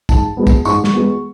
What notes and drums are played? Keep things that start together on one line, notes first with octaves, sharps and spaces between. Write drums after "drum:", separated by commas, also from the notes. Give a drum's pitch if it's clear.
G#2 A5, drum: kick, tambourine
G#3 B3
drum: kick, tambourine
G#2 C#6, drum: tambourine
drum: snare
G#3 B3